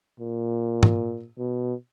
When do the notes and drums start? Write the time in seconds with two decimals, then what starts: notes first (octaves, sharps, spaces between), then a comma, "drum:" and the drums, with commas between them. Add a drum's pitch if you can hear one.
0.20 A#2
0.83 drum: tom G#2
1.38 B2